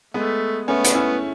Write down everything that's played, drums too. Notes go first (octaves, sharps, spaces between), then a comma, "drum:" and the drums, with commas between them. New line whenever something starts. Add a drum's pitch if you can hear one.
G#3 A3 B3
A3 B3 C#4
drum: hi-hat
C#4 E4